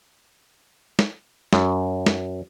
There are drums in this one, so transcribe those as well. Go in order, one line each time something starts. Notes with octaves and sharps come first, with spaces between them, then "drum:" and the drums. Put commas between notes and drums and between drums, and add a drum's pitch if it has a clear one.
drum: snare
F#2, drum: snare
drum: snare